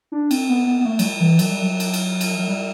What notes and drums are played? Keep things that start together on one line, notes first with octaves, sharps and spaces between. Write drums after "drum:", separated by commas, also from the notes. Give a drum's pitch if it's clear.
D4
C4, drum: cymbal
B3
B3
B3
A3
F#3, drum: cymbal
G3
E3
F#3, drum: cymbal
G3
F#3
drum: cymbal
drum: cymbal
drum: cymbal
F#3
G3